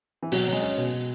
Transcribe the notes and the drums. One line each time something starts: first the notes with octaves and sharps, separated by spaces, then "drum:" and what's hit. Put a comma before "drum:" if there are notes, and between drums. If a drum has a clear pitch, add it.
E3
B2 F#3, drum: open hi-hat
F#3 G#3
C#4
B2
B2